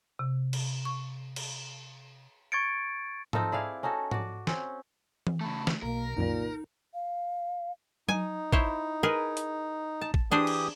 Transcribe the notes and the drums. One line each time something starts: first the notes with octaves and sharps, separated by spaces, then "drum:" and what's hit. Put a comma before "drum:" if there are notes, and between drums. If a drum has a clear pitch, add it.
C3
drum: cymbal
C#6
drum: cymbal
C#6 G#6 A6 C#7 D7
C4 D#4 F4 A4, drum: tom G#2
E4 G#4 D5 F5
C#4 D#4 F#4 A4
F#4 D5, drum: tom G#2
C4 C#4, drum: snare
drum: tom E3
C#3 A3 A5 B5
drum: snare
B1 B2 A#3 A#4
C2 F#2 A#2 D#3 D#4
F5
D#4 G#5, drum: tom F#3
E4 C5 C#5, drum: kick
G#4 A#4 B4
drum: hi-hat
A5
drum: kick
E3 D4 G4 G#4 C5 D#6
drum: cymbal